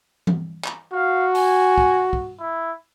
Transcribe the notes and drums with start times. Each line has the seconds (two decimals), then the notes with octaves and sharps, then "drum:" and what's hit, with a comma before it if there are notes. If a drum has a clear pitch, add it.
0.27 drum: tom E3
0.64 drum: clap
0.93 F#4 F5
1.35 G#5, drum: open hi-hat
1.78 drum: kick
2.13 drum: kick
2.40 E4